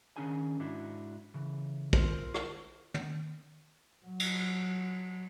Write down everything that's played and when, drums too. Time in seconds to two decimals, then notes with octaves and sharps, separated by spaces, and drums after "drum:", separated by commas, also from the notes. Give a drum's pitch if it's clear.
0.16 D#3 F3 C#4 D4 G#4 G#5
0.60 G#2 D4 E4 F#4
1.34 C#3 E3
1.93 F4 A#4 C5, drum: kick
2.34 drum: rim click
2.94 drum: tom
4.05 F#3
4.20 drum: cymbal